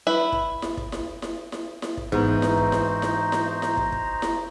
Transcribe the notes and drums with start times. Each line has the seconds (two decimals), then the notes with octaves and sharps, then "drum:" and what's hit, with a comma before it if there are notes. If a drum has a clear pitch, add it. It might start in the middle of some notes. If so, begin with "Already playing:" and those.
0.07 E4 B4
0.32 drum: kick
0.62 drum: snare E4
0.77 drum: kick
0.92 drum: snare E4
1.22 drum: snare E4
1.52 drum: snare E4
1.82 drum: snare E4
1.97 drum: kick
2.12 G#2 E3 B3 D#4 F#4 C5 A#5, drum: kick
2.42 drum: snare E4
2.57 drum: kick
2.72 drum: snare E4
3.02 drum: snare E4
3.32 drum: snare E4
3.62 drum: snare E4
3.77 drum: kick
3.92 drum: kick
4.22 drum: snare E4